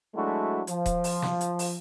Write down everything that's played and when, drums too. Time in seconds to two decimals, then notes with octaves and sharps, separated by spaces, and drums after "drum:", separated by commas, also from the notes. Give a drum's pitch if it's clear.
0.15 F#3 G#3 A3 D4 E4 F#4
0.67 F3, drum: hi-hat
0.86 drum: kick D#1, hi-hat
1.04 drum: open hi-hat
1.22 drum: snare
1.41 drum: hi-hat
1.59 drum: open hi-hat